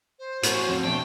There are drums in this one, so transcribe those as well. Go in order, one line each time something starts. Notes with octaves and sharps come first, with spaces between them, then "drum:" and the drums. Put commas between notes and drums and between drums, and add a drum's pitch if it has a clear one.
C5
A2 C#4 F#4, drum: hi-hat
F2
B2 A3 D4 G5